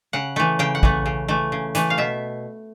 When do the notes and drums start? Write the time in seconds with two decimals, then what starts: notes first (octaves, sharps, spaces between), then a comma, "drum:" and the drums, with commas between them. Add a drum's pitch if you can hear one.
0.13 C#3 F#5
0.36 E3 A3
0.59 C#3 G5
0.75 F#5
0.83 E3 A3, drum: kick
1.06 C#3
1.28 E3 A3
1.52 C#3
1.75 E3 A3, drum: hi-hat
1.90 F5
1.98 B2 E5